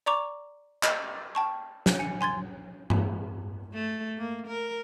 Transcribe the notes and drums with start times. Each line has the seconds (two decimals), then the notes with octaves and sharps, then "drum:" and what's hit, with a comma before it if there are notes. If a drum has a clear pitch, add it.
0.06 D5 A#5 C#6 D6 F7
0.83 D#5, drum: clap
1.35 G5 A5 C#6
1.86 drum: snare
1.99 G#5 C#7
2.21 G#5 C6 G#6 A6
2.90 drum: tom G2
3.74 A3
4.18 A#3
4.47 A#4